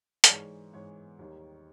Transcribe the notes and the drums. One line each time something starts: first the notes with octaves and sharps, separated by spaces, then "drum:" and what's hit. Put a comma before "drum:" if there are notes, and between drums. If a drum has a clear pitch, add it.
D5, drum: hi-hat
G#2 E3 G#3 C#5
G#2 E3 G#3 C#5
D#2 D#3 G3